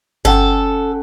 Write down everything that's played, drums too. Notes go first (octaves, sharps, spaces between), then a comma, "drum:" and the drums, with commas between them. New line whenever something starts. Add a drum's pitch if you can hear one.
C#4 A4 F#5 G5, drum: kick G1